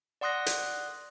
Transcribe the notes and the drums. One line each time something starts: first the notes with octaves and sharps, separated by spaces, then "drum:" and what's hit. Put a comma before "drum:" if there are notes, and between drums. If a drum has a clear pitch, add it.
D5 F#5 C6 D#6 F#6 A#6
drum: hi-hat